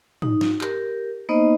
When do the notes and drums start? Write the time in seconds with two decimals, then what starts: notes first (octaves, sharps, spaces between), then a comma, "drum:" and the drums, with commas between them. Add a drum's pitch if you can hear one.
0.22 D#4, drum: tom
0.41 drum: snare
0.61 G4 A#4, drum: clap
1.29 A#3 B3 D#4 C5 D#5